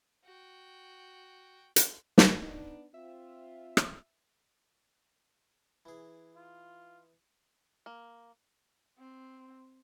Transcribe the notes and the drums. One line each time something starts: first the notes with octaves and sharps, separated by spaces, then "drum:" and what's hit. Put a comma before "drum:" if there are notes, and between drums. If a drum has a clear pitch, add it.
F#4 G5
drum: hi-hat
drum: snare
B3 D4 D#4
C4 F4 E5
drum: rim click
E3 G#4
F4
A#3
C4